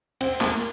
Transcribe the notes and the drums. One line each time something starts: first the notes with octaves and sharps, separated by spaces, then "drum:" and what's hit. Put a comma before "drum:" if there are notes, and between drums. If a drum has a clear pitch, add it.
C4, drum: cymbal
A#3, drum: clap